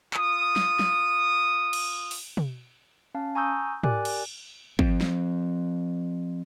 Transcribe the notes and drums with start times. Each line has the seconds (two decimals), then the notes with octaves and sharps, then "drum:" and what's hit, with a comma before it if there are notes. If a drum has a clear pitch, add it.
0.14 F4 D#6, drum: clap
0.56 drum: snare
0.79 drum: snare
1.73 drum: cymbal
2.11 drum: open hi-hat
2.37 drum: tom
3.14 C#4 F5 A5
3.35 G#5 A#5 C#6 D#6 E6 G6
3.83 G4 A#4 D5 G#5 D6 F#6, drum: tom
4.05 drum: cymbal
4.79 F3 C4, drum: kick
5.01 drum: snare